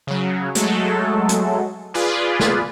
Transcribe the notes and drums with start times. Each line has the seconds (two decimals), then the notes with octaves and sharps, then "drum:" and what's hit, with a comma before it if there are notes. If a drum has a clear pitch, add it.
0.07 C#3 F#3
0.55 F#3 G#3 A3 A4, drum: hi-hat
1.29 drum: hi-hat
1.94 F4 G#4 B4 D5
2.40 drum: snare